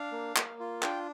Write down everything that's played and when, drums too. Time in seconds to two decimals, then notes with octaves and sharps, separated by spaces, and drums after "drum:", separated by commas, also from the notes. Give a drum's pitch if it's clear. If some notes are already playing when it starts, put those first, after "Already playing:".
Already playing: D4 F5
0.12 A#3
0.36 A#3, drum: clap
0.60 F4
0.82 D4 G5, drum: clap